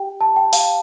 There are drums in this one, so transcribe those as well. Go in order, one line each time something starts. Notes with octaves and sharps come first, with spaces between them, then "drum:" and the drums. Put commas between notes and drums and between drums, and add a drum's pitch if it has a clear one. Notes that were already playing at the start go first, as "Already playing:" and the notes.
Already playing: G4 G5
A5
G5
F5, drum: open hi-hat